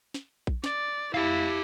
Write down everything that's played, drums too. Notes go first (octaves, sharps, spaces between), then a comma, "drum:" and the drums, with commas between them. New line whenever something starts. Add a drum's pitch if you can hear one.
drum: snare
drum: kick A#1
D5, drum: snare
E4 G4 F5